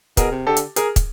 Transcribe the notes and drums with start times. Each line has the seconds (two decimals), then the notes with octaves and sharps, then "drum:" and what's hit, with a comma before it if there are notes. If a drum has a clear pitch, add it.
0.17 B2 G#4 A#4, drum: kick, hi-hat
0.31 C3
0.46 D3 G4 A4
0.57 drum: hi-hat
0.76 G#4 A#4, drum: hi-hat
0.96 drum: kick, hi-hat